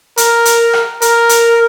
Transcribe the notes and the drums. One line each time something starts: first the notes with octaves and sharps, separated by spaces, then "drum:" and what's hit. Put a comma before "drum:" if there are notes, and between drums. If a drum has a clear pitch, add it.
A#4, drum: hi-hat
drum: hi-hat
drum: rim click
A#4, drum: hi-hat
drum: hi-hat